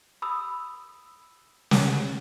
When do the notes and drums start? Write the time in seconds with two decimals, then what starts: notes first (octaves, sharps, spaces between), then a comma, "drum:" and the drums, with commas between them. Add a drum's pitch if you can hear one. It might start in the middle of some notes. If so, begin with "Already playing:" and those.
0.22 B5 D#6 E6
1.71 drum: snare